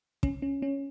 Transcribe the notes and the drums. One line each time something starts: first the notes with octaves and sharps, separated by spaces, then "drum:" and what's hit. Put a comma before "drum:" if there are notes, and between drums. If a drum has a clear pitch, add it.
C#4, drum: kick
C#4
C#4